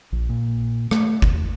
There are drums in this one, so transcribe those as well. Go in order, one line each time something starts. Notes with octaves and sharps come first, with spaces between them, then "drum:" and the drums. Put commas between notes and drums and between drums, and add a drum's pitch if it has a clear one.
A#1
A#2
A3, drum: rim click
D#2, drum: kick G1